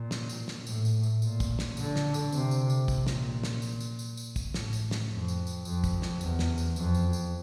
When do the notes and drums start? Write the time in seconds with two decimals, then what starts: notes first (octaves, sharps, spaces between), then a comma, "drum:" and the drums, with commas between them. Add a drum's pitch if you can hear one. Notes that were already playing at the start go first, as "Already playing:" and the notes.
Already playing: A#2
0.11 drum: snare
0.29 drum: tambourine
0.48 drum: snare
0.67 A2, drum: tambourine
0.85 drum: tambourine
1.03 drum: tambourine
1.22 A#2, drum: tambourine
1.40 drum: kick, tambourine
1.59 drum: snare
1.77 D3, drum: tambourine
1.96 drum: snare
2.14 drum: tambourine
2.32 C3, drum: tambourine
2.51 drum: tambourine
2.70 drum: tambourine
2.88 A#2, drum: kick, tambourine
3.07 drum: snare
3.43 drum: snare
3.62 drum: tambourine
3.80 drum: tambourine
3.99 drum: tambourine
4.17 drum: tambourine
4.36 drum: kick, tambourine
4.54 A2, drum: snare
4.73 drum: tambourine
4.91 drum: snare
5.10 F2
5.28 drum: tambourine
5.47 drum: tambourine
5.65 F2, drum: tambourine
5.84 drum: kick, tambourine
6.02 drum: snare
6.21 E2, drum: tambourine
6.39 drum: snare
6.58 drum: tambourine
6.76 F2, drum: tambourine
6.95 drum: tambourine
7.13 drum: tambourine